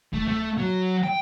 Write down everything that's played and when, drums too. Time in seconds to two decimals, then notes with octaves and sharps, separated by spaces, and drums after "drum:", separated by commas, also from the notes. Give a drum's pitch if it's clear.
0.13 A3, drum: kick C#2
0.28 A3
0.58 F#3
1.04 G5